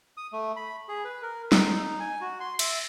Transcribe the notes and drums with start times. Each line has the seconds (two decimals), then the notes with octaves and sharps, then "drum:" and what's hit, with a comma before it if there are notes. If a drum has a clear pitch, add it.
0.17 D#6
0.33 A3
0.56 B5
0.89 G#4
1.05 B4
1.23 A#4
1.52 D#4, drum: snare
2.00 G#5
2.21 F#4
2.40 C6
2.59 E5, drum: cymbal